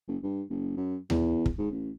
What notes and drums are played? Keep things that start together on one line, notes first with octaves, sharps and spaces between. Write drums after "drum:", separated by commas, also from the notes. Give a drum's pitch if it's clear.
F#1
G2
F#1
F#2
E2, drum: tom D#2
drum: kick
G#2
A1